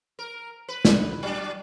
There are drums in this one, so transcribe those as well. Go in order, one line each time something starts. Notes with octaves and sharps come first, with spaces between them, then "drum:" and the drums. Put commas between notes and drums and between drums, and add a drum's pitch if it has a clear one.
A#4
B4
drum: snare
F#3 D4